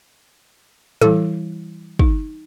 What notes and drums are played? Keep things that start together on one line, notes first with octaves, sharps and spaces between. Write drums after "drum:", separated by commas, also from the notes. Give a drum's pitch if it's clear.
E3 G3 E4 A4, drum: tom A2
D#4, drum: kick